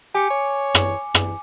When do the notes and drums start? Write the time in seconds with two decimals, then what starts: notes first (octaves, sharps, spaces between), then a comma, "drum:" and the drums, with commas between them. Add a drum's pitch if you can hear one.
0.15 G4 G#5 D6 C#7
0.30 C#5
0.75 drum: rim click
1.14 drum: rim click